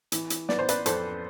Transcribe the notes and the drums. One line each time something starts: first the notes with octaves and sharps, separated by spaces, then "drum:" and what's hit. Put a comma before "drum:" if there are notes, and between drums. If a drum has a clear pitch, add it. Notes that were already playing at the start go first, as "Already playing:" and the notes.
E3, drum: hi-hat
drum: hi-hat
B3 D5, drum: snare
C5
B4 D5, drum: hi-hat
F2 A4 C5, drum: hi-hat